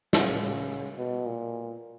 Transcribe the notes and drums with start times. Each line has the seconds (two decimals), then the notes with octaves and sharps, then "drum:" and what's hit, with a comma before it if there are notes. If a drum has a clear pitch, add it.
0.13 C#3, drum: snare
0.41 C#3
0.98 B2
1.26 A#2